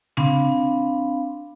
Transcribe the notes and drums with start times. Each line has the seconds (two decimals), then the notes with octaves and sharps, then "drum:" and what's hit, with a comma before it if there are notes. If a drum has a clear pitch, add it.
0.17 C4 D4 F5 B5, drum: tom C#3